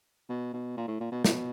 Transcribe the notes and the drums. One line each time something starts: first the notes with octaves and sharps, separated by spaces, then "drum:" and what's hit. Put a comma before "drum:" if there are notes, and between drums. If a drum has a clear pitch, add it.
B2
B2
A#2
A2
A#2
B2
B2, drum: snare